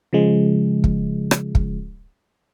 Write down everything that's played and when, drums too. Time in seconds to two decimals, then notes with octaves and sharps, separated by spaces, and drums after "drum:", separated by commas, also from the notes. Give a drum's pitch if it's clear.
0.13 C#3 F3 G#3
0.84 drum: kick
1.31 drum: rim click
1.55 drum: kick